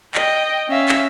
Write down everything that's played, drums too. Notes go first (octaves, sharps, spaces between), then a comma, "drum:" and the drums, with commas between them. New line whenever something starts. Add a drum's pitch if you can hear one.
D#5 G5, drum: clap
C#4 E5 F5
drum: clap